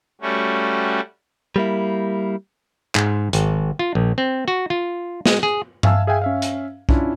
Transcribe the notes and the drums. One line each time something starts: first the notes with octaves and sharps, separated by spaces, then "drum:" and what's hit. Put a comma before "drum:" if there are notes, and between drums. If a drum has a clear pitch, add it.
G3 A3 C#4 F#4
G3 A#3 E4
G#2, drum: clap
G#1, drum: hi-hat
F4
A#1
C4
F#4
F4
G#3, drum: snare
G#4
E5 F5 G#5 A5 E6, drum: tom G2
G#4 E5 F5 G5 G#5
C#4 E5 F5
drum: hi-hat
C#4 D4 E4 F4, drum: kick